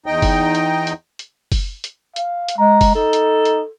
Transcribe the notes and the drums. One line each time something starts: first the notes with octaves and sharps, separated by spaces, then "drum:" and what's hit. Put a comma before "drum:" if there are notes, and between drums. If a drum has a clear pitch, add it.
E2 D#4 D#5 G5
drum: kick F#1, open hi-hat
drum: hi-hat
drum: hi-hat
drum: hi-hat
drum: kick F#1, open hi-hat
drum: hi-hat
F5, drum: hi-hat
drum: hi-hat
G#3 A#5
drum: kick F#1, open hi-hat
D#4 A4
drum: hi-hat
drum: hi-hat